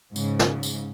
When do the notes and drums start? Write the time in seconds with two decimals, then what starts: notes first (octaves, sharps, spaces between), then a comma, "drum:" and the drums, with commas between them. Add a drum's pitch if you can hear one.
0.16 G#2 C#3, drum: tambourine
0.39 drum: snare
0.63 drum: tambourine